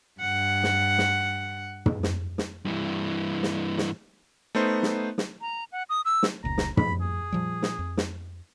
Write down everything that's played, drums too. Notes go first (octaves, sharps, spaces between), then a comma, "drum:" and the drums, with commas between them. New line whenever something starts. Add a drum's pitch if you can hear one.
G2 F#5
drum: snare
drum: snare
drum: tom
drum: snare
drum: snare
G2 E3
drum: snare
drum: snare
A3 B3 D#4 C5
drum: snare
drum: snare
A#5
F#5
D#6
E6
drum: snare
F1 C#2 A#2 A#5
drum: snare
A2 F3 B5, drum: tom
G#4
A#2 F3 G3
drum: snare
F2
drum: snare